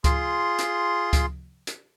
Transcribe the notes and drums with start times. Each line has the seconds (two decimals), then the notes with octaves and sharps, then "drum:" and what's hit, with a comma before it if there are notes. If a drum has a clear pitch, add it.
0.04 F4 G#4 C6, drum: kick C#2, hi-hat
0.59 drum: hi-hat
1.13 drum: kick C#2, hi-hat
1.67 drum: hi-hat